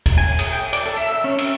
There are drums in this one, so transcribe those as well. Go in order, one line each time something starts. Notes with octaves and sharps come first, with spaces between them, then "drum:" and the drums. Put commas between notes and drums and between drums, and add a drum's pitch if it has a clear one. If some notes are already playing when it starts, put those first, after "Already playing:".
drum: kick, cymbal
G#5
G#4, drum: cymbal
G5
D5, drum: cymbal
A4
E5
E5
C#4
E5, drum: cymbal